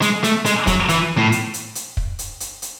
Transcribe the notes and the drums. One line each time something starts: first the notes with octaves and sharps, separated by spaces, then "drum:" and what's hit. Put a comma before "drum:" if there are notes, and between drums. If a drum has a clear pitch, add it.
G#3, drum: hi-hat
A3, drum: hi-hat
G#3, drum: hi-hat
F#3, drum: kick, hi-hat
E3, drum: hi-hat
A2
drum: hi-hat
drum: hi-hat
drum: hi-hat
drum: kick
drum: hi-hat
drum: hi-hat
drum: hi-hat